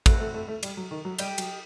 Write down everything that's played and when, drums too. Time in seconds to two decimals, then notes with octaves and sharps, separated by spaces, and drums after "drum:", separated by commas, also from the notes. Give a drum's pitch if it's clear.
0.06 A3 C4 F#4 B4 F#5, drum: kick, cymbal
0.20 A3
0.34 A3
0.48 A3
0.63 G3, drum: cymbal
0.77 F#3
0.91 D#3
1.05 F#3
1.19 G3 G4 D#5 G5, drum: cymbal
1.38 F#3, drum: cymbal